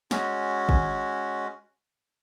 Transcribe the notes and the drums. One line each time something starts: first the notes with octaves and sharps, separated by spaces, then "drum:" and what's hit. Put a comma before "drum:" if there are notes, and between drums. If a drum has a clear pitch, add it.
G#3 C#4 F#4, drum: snare
drum: kick G#1